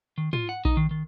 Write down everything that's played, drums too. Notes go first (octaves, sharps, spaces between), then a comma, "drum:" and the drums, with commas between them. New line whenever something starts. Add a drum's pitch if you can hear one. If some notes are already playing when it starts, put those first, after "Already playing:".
D#3
F4, drum: tom
F#5
D#4, drum: kick A#1
D#3
D#3